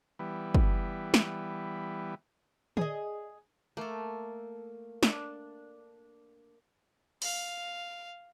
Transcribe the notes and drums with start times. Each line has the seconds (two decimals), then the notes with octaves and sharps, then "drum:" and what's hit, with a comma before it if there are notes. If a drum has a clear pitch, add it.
0.19 E3 G3 B3
0.55 drum: kick
1.14 drum: snare
2.77 G#4 D#5, drum: tom D3
3.77 A3 A#3 A4
5.03 D4, drum: snare
7.22 F5, drum: open hi-hat